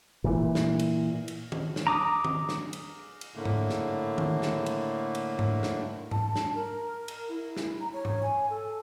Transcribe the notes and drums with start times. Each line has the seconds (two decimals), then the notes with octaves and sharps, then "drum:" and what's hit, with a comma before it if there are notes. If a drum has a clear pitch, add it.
0.24 A#2 E3
0.55 drum: snare
0.79 drum: cymbal
1.28 drum: cymbal
1.52 drum: tom D#3
1.76 drum: snare
1.87 A#5 D6 D#6
2.25 drum: tom D#3
2.49 drum: snare
2.73 drum: cymbal
3.21 drum: cymbal
3.36 A2 D3 A3 A#3
3.45 drum: tom G#2
3.70 drum: snare
4.18 drum: tom D#3
4.42 drum: snare
4.66 drum: cymbal
5.15 drum: cymbal
5.39 drum: tom G#2
5.63 drum: snare
6.11 A5, drum: tom G#2
6.36 drum: snare
6.55 A#4
7.08 drum: cymbal
7.29 E4
7.56 drum: snare
7.80 A#5
7.93 C#5
8.05 drum: tom G#2
8.23 G#5
8.50 A4